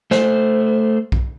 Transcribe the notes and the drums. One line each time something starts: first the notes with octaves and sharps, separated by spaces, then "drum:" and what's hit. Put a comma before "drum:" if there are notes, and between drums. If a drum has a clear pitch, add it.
A3 C5, drum: snare
drum: kick B1